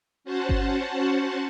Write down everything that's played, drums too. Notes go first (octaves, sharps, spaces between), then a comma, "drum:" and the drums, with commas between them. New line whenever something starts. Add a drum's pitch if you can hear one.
C#4 F#4 C5 F#5 A5
drum: kick G1